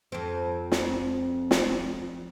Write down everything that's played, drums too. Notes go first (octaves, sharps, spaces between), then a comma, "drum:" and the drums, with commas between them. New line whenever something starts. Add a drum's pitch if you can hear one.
F2 C4
drum: snare
drum: snare